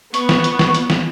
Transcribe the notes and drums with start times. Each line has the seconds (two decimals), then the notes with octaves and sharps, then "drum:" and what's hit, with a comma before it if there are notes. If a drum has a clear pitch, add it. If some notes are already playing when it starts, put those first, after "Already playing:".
0.14 B3 C#6, drum: hi-hat
0.29 drum: snare
0.44 drum: hi-hat
0.59 drum: snare
0.75 drum: hi-hat
0.90 drum: snare